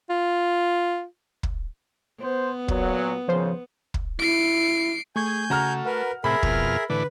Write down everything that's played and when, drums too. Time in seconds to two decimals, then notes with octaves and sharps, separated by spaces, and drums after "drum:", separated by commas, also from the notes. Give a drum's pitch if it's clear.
0.10 F4
1.43 drum: kick
2.21 B3 C5
2.68 A#2 F#3, drum: kick
3.28 G#1 A#2 C#3 F3 C5
3.94 drum: kick
4.19 E4 C7 D7
5.16 A3 G#4 G#5 C#6 G6 G#6
5.50 C#3 A3 F#4 A#5 F6
5.86 A#4 B4 F#5
6.24 A2 C3 G#4 A#4 E5 B5
6.43 F2 B2 F6, drum: kick
6.90 A2 D3 E3 D4 B4